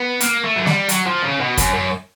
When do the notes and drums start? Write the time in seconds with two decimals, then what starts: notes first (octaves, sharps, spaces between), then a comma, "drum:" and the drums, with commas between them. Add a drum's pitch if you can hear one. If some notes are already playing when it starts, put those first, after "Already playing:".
Already playing: B3
0.20 A#3, drum: hi-hat
0.44 A3
0.56 F#3
0.66 G3, drum: snare
0.89 F#3, drum: hi-hat
1.07 F3
1.24 C#3
1.40 B2
1.57 F#2, drum: kick G#1, hi-hat
1.74 F#2